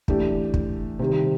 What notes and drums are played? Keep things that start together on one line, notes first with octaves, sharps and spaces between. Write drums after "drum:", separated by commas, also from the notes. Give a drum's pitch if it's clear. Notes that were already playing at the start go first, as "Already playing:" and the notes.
E3 A3 D4 G4, drum: kick
drum: kick
C3 D#3 G3